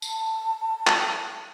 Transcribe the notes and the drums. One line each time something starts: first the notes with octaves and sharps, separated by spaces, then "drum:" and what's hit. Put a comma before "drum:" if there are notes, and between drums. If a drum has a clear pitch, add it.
A5, drum: tambourine
drum: clap